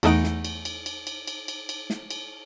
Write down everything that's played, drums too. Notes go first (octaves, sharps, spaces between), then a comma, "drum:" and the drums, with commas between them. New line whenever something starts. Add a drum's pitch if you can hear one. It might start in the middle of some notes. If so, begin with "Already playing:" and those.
E2 E3 A3 D#4 F#5 D7, drum: cymbal
drum: snare
drum: cymbal
drum: cymbal
drum: cymbal
drum: cymbal
drum: cymbal
drum: cymbal
drum: cymbal
drum: snare
drum: cymbal